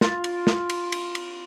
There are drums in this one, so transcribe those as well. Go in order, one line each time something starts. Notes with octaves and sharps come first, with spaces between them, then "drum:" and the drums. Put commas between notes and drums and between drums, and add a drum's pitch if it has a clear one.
F4, drum: snare
drum: cymbal
drum: snare
drum: cymbal
drum: cymbal
drum: cymbal